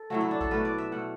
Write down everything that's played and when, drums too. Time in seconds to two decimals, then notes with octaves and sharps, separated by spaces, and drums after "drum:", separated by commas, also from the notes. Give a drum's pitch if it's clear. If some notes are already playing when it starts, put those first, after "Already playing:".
Already playing: A4
0.10 A2 F#3 A3 F#4
0.21 E4
0.31 D4
0.41 A4, drum: kick A1
0.51 B2 A3 B4
0.65 D5
0.78 E5
0.92 B2 A3 F#5